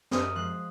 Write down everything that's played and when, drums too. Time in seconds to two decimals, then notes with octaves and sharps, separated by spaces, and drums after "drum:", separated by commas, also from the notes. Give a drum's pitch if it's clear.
0.11 F#2 D#6, drum: snare
0.35 F3 G#3 F#6